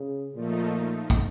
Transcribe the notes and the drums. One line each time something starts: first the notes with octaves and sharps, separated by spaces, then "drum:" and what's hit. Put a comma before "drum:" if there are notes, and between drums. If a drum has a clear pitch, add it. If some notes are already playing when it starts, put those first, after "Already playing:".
Already playing: C#3
A#2 F3 A3 D#4
drum: kick